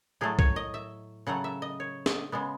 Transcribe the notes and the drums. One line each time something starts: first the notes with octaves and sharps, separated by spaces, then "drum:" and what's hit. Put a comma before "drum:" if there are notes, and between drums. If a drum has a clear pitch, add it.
A2 F#3 A3 G#4
C#5, drum: kick
D#5
E5
C#3 F#3 A3 F#5
E5
D#5
C#5
D#5, drum: snare
C#3 G#3 B3